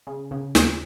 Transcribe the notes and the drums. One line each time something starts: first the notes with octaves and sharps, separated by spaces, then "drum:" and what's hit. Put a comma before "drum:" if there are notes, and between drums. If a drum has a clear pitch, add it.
C#3
C#3
D#2, drum: snare